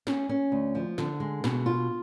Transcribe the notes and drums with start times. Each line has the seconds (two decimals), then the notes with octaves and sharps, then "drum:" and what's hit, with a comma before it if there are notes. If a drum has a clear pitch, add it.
0.07 C#4, drum: snare
0.29 C#4
0.52 D2
0.75 F3
0.98 D3, drum: snare
1.20 G#3
1.44 B2, drum: snare
1.66 F4